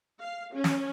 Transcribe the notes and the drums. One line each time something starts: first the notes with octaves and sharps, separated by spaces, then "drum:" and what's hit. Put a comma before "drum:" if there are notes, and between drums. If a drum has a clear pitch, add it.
F5
C#4
drum: snare